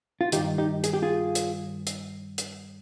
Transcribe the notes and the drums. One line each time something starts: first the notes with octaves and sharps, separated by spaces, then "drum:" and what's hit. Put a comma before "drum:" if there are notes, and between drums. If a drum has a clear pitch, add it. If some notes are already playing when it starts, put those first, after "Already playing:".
F4
G2 D#3 D#4 G4, drum: hi-hat
D#4 G4
G#4, drum: hi-hat
G4
F4 G#4
drum: hi-hat
drum: hi-hat
drum: hi-hat